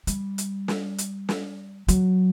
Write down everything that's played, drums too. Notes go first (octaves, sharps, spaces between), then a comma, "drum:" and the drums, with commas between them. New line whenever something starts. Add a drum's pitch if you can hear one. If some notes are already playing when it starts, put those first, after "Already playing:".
G3, drum: hi-hat
drum: hi-hat
drum: snare
drum: hi-hat
drum: snare
F#3, drum: hi-hat